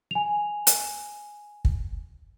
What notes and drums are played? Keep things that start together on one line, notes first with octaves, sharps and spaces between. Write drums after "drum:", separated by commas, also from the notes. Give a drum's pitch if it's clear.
G#5 F7
drum: hi-hat
drum: kick